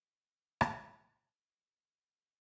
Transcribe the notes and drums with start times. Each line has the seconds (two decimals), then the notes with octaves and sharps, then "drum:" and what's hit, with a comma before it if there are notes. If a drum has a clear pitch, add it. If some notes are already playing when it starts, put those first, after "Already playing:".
0.13 A#2 G#3 D#4
0.61 drum: rim click
1.56 D#5
2.03 A#2 G#3 C4 D#4